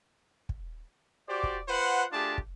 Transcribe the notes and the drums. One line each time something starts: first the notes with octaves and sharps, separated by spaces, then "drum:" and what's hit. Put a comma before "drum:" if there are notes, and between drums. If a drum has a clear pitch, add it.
drum: kick
F#4 G4 C5 D5
drum: kick
F4 B4 C5 F#5
A3 D4 F4 G4 G#4 A5
drum: kick